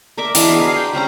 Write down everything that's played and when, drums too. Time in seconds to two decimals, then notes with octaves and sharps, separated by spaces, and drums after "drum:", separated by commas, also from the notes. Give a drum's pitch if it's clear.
0.17 A#4 D5 E5 D6
0.35 E3 G#3 D4, drum: hi-hat
0.48 B3 G#4 B4 F5
0.60 F#4 A#4 F5
0.76 G5 B5 C6
0.93 G3 C4 C#4 A#5